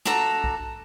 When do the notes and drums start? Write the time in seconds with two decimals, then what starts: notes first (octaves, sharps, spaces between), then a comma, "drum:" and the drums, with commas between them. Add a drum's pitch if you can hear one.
0.06 D4 F#4 A4 A#5, drum: snare
0.44 drum: kick B1